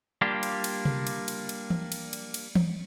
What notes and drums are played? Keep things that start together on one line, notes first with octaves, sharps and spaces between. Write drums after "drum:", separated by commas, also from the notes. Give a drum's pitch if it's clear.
G3 A#3 D4 F4 G4
drum: cymbal
drum: cymbal
drum: tom C3
drum: cymbal
drum: cymbal
drum: cymbal
drum: tom
drum: cymbal
drum: cymbal
drum: cymbal
drum: tom E3